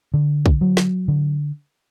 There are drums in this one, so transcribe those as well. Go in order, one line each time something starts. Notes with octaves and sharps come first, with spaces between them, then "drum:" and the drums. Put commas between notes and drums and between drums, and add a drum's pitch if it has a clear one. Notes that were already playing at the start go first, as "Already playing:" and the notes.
D3
drum: kick
F#3
drum: snare
D3